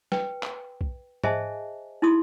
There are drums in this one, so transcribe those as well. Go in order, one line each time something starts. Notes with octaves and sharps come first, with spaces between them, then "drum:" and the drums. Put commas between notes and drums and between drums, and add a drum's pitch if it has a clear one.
B4 G5, drum: snare
drum: clap
drum: kick B1
G#4 C5 D#5 E5 G#5 A5, drum: tom G#2
D#4 E4 G#4 C6 D#6